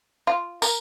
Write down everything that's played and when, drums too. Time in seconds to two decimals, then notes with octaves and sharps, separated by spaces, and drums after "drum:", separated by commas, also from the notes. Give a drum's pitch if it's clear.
0.27 F4
0.62 A#4, drum: tambourine